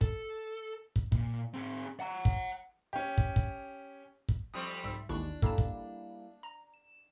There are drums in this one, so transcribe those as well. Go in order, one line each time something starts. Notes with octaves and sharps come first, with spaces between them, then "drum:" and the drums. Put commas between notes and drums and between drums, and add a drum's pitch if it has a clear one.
A4, drum: kick
drum: kick
A#2, drum: kick
C4 G#4
F#5 A#5
drum: kick
C#4 G4
drum: kick
drum: kick
drum: kick
F2 G3 C4 G5 D#6
C2 G#2 E5 E6
A1 D#2 G#3 D4 E4 C#6
G3 A#3 E4 A4 A5, drum: kick
drum: kick
A#5
E7